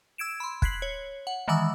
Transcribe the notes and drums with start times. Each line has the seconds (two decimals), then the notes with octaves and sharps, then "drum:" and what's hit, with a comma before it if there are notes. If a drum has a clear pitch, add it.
0.18 E6 G#6 D7 E7
0.40 B5 C6
0.62 F#6 G#6 B6 C7 F#7, drum: kick
0.82 C#5
1.27 F#5
1.48 D#3 E3 G#3 F#5 D6 E6